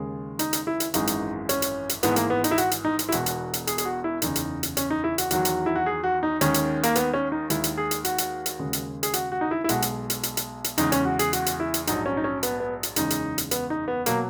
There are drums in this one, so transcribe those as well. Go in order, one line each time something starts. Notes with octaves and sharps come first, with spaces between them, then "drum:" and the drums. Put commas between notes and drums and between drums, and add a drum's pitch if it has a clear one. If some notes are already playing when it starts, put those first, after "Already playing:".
Already playing: D#2 C#3 G#3
D#4, drum: hi-hat
drum: hi-hat
E4
drum: hi-hat
G#1 F#2 E3 G#3 D#4, drum: hi-hat
drum: hi-hat
C#4, drum: hi-hat
drum: hi-hat
drum: hi-hat
G#1 G#2 E3 G#3 B3, drum: hi-hat
A#3, drum: hi-hat
B3
D#4, drum: hi-hat
E4
F#4, drum: hi-hat
drum: hi-hat
D#4
drum: hi-hat
E4
E1 E2 B2 F#4, drum: hi-hat
drum: hi-hat
drum: hi-hat
G#4, drum: hi-hat
G#4, drum: hi-hat
F#4
E4
F#1 E2 C#3 D#4, drum: hi-hat
drum: hi-hat
drum: hi-hat
C#4, drum: hi-hat
D#4
E4
F#4, drum: hi-hat
E2 D#3 F#3 F#4, drum: hi-hat
drum: hi-hat
E4
F#4
G#4
F#4
D#4
D#2 D#3 G#3 C#4, drum: hi-hat
drum: hi-hat
A#3, drum: hi-hat
B3, drum: hi-hat
C#4
D#4
D#2 D#3 G#3 E4, drum: hi-hat
drum: hi-hat
G#4
drum: hi-hat
F#4, drum: hi-hat
drum: hi-hat
drum: hi-hat
D#2 C#3 G#3
drum: hi-hat
G#4, drum: hi-hat
F#4, drum: hi-hat
F#4
D#4
E4
E4
B1 B2 G#3 F#4, drum: hi-hat
drum: hi-hat
drum: hi-hat
drum: hi-hat
drum: hi-hat
drum: hi-hat
E2 C#3 G#3 D#4, drum: hi-hat
C#4, drum: hi-hat
F#4
G#4, drum: hi-hat
F#4, drum: hi-hat
drum: hi-hat
E4
drum: hi-hat
A#1 G#2 F#3 D#4, drum: hi-hat
C#4
D#4
C#4
B3, drum: hi-hat
B3
drum: hi-hat
F#1 E2 C#3 G#3 D#4, drum: hi-hat
drum: hi-hat
drum: hi-hat
B3, drum: hi-hat
D#4
B3
B2 F#3 A#3, drum: hi-hat